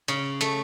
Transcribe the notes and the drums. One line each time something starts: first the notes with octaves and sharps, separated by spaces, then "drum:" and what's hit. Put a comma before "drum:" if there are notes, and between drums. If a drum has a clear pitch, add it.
C#3, drum: hi-hat
A3, drum: hi-hat